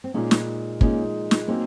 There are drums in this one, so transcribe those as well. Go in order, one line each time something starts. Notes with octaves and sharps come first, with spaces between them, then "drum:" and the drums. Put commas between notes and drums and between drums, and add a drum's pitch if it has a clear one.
C4
A#2 G#3 A#3 C#4 D#4
drum: snare
A#2 G#3 A#3 C#4 D#4, drum: kick
drum: snare
F#3 A#3 C4 C#4 D#4